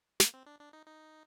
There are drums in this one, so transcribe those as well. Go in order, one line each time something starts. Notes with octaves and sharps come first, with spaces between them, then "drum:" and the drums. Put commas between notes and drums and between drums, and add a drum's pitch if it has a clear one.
A#3, drum: snare
C4
D4
D4
D#4
D#4